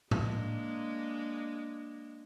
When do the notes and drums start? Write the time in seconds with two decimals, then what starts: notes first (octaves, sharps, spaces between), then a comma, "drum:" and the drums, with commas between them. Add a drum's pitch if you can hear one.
0.11 G#3 A#3 D4, drum: tom A2